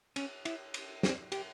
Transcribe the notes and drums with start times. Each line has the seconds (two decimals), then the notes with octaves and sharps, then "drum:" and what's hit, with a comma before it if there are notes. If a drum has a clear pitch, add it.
0.16 C#4, drum: cymbal
0.45 E4, drum: cymbal
0.74 drum: cymbal
1.03 C4, drum: snare
1.32 G4, drum: cymbal